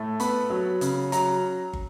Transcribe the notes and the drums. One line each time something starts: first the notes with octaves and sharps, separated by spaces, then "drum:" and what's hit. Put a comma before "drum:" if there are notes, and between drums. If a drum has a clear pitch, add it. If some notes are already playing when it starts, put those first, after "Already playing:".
Already playing: A2 A3
B3 B5, drum: hi-hat
F#3
C#3, drum: hi-hat
F#3 A#5, drum: hi-hat
drum: kick